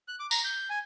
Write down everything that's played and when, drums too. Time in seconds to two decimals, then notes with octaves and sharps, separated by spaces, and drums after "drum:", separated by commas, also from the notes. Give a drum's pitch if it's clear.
0.08 F#6
0.20 D6
0.31 A#5, drum: tambourine
0.44 G6
0.70 G#5